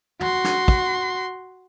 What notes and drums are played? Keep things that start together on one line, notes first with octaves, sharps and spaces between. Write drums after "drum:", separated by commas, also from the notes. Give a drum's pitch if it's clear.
F#4 C6, drum: tom
drum: snare
drum: kick